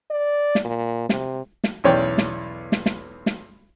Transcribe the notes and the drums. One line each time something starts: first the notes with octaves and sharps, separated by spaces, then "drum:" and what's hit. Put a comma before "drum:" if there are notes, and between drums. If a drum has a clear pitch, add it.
D5
drum: snare
A#2
C3, drum: snare
drum: snare
B1 E2 C#4 C#5 D5 G5
drum: snare
drum: snare
drum: snare
drum: snare